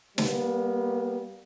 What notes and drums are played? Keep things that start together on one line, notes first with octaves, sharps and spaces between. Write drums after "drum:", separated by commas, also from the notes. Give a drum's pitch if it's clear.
G3 A#3 B3, drum: snare